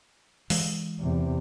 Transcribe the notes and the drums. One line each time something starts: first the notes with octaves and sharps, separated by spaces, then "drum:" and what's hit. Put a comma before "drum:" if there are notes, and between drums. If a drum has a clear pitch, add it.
E3 G#3, drum: open hi-hat
E2 C3